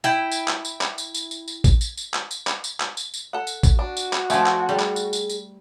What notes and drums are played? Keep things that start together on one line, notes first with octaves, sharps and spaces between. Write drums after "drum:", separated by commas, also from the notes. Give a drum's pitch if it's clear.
E4 G5
drum: tambourine
drum: clap
drum: tambourine
drum: clap
drum: tambourine
drum: tambourine
drum: tambourine
drum: tambourine
drum: kick A1, tambourine
drum: tambourine
drum: tambourine
drum: clap
drum: tambourine
drum: clap
drum: tambourine
drum: clap
drum: tambourine
drum: tambourine
A4 F#5
drum: tambourine
drum: kick A1, tambourine
D4 F#4
drum: tambourine
drum: clap
F3 A3 D4 E5 F#5 G#5, drum: tambourine
drum: clap
G3 G#4
drum: clap
drum: tambourine
drum: tambourine
drum: tambourine